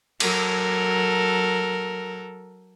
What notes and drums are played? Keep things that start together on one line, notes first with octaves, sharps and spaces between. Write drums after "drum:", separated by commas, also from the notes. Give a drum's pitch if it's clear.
F#3 A4 A#4, drum: cymbal